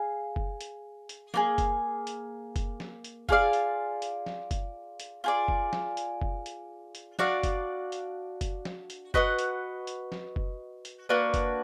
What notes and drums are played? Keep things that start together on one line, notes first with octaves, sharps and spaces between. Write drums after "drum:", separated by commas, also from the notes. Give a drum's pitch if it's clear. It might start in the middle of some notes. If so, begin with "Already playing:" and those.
Already playing: G#4 F5
drum: kick F#1
drum: hi-hat
drum: hi-hat
A#3 F4 G#4, drum: snare
drum: kick F#1, hi-hat
drum: hi-hat
drum: kick F#1, hi-hat
drum: snare
drum: hi-hat
F4 G#4 D5 F5, drum: kick F#1
drum: hi-hat
drum: hi-hat
drum: snare
drum: kick F#1, hi-hat
drum: hi-hat
F4 G#4 D5
drum: kick F#1
drum: snare
drum: hi-hat
drum: kick F#1
drum: hi-hat
drum: hi-hat
D4 F#4 D5 F5, drum: snare
drum: kick F#1, hi-hat
drum: hi-hat
drum: kick F#1, hi-hat
drum: snare
drum: hi-hat
F#4 B4 D#5 F#5, drum: kick F#1
drum: hi-hat
drum: hi-hat
drum: snare
drum: kick F#1
drum: hi-hat
A#3 D4 F#4 B4
drum: kick F#1, hi-hat